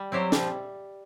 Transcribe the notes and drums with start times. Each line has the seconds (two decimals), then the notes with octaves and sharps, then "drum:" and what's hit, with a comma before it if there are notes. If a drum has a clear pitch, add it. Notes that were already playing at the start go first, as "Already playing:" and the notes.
Already playing: G3
0.12 F#3 C4 E4 G4 C5
0.32 F3 G3, drum: snare